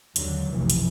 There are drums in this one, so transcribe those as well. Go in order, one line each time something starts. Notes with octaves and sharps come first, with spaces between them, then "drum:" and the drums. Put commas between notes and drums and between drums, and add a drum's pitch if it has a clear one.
D#2 G#2 D3 F#3, drum: hi-hat
F1 B1 F#2 C3 E3 F3
drum: hi-hat